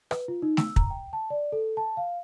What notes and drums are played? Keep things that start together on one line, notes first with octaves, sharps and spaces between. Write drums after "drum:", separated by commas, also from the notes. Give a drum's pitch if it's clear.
B4, drum: rim click
F4
D#4
E6, drum: snare A3
A#5, drum: kick
G5
A5
D5
A4
A5
F5